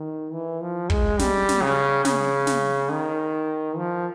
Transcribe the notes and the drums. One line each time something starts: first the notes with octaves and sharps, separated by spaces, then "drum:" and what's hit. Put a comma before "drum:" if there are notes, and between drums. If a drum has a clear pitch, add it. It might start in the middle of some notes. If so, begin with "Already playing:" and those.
Already playing: D#3
E3
F3
G#3, drum: kick
G3, drum: snare
drum: snare
C#3
C#3, drum: snare
drum: snare
D#3
F3